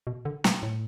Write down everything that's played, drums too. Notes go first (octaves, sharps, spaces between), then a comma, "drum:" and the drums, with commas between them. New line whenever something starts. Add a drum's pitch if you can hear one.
B2
D3
B2, drum: snare
A2